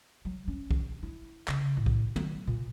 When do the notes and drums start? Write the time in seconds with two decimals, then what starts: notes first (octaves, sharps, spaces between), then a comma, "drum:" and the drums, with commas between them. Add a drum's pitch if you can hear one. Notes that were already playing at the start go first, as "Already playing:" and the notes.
0.25 F#3
0.48 C#4
0.71 drum: kick
1.03 E4
1.48 C#3, drum: clap
1.77 A2
1.86 drum: kick
2.16 F#3, drum: tom
2.47 A#2